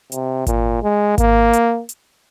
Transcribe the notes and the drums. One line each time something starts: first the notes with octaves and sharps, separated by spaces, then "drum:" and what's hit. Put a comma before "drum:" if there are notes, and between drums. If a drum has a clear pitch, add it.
C3, drum: hi-hat
A#2, drum: kick G#1, hi-hat
G#3
A#3, drum: kick G#1, hi-hat
drum: hi-hat
drum: hi-hat